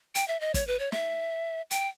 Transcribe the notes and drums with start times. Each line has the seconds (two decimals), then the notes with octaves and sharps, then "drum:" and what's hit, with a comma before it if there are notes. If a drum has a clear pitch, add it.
0.15 G5, drum: hi-hat
0.28 E5
0.41 D#5
0.54 C#5, drum: kick, hi-hat
0.67 B4
0.79 C#5
0.92 E5, drum: snare
1.71 G5, drum: hi-hat